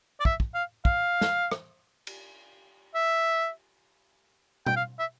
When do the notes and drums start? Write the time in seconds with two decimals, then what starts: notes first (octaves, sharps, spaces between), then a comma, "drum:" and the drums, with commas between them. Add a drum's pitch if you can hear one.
0.20 D5
0.25 E5, drum: kick
0.40 drum: kick
0.54 F5
0.85 F5, drum: kick
1.21 drum: snare
1.51 drum: rim click
2.07 drum: cymbal
2.95 E5
4.66 G5, drum: tom B2
4.76 F5
4.99 E5